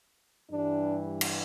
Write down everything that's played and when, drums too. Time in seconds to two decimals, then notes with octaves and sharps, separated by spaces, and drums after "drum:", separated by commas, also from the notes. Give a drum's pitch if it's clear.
0.52 G2 E3 G3 D4
1.21 drum: cymbal